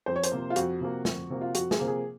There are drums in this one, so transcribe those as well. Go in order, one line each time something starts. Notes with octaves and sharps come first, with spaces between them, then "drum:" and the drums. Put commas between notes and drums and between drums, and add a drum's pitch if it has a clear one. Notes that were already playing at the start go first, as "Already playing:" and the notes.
F2 C5
C#5
C5, drum: hi-hat
C3 F3 A#3
F4
F2 F#4, drum: hi-hat
C3 F3 A#3
F2, drum: snare
C3 F3 A#3
F4
F2 F#4, drum: hi-hat
G#4, drum: snare
C3 F3 A#3
G#4